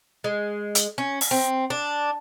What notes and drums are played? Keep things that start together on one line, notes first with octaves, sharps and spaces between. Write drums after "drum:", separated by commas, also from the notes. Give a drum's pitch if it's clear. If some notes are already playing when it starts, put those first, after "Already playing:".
G#3
drum: hi-hat
C#4
drum: open hi-hat
C4
D4